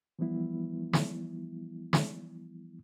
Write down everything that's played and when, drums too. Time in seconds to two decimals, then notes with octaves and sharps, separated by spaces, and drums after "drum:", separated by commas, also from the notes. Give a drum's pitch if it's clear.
0.19 E3 F3 G3 B3 E4
0.93 drum: snare
1.93 drum: snare